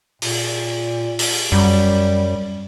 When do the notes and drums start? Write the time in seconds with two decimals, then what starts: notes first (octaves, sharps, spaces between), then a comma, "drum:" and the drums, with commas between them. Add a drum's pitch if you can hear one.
0.22 A#2, drum: open hi-hat
1.19 drum: open hi-hat
1.52 F#2 G3